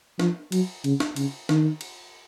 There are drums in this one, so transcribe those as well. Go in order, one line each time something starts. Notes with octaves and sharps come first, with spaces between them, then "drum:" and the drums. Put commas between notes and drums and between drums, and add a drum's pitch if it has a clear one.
F3, drum: snare
F#3, drum: cymbal
C#3, drum: cymbal
drum: snare
C#3, drum: cymbal
D#3, drum: snare
drum: cymbal